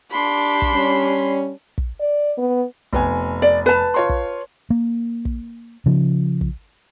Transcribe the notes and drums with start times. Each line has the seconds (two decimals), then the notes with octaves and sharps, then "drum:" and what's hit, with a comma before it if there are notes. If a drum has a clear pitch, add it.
0.12 D4 G4 B5 C6
0.62 drum: kick
0.73 G3 C#4
1.78 drum: kick
2.00 D5
2.38 B3
2.93 F1 B3 G#5, drum: kick
3.42 D5
3.66 B4 A5
3.94 F4 C#5 C6
4.09 drum: kick
4.70 A#3
5.25 drum: kick
5.86 C#3 F3
6.41 drum: kick